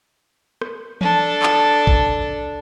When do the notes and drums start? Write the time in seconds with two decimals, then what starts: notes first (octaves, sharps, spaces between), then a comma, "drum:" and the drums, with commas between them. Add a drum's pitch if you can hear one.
0.61 drum: rim click
1.01 D4 A4, drum: tom E3
1.43 drum: clap
1.87 drum: kick G#1